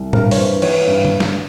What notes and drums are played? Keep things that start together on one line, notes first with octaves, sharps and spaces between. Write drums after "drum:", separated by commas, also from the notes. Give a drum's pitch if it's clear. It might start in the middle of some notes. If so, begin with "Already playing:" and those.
Already playing: C2
G2 A#4, drum: tom
C#5, drum: open hi-hat
E3 C5
E3 C#5, drum: cymbal
G2
drum: tom D3
drum: snare